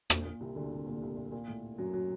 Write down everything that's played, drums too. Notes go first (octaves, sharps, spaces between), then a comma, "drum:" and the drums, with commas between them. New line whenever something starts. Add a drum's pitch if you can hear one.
A#2, drum: rim click
A#2
C2 C3
D2 D3
C2 C3
A#2
D3
C2 C3
A#2
A#2
A2
F#2 F#3
F#3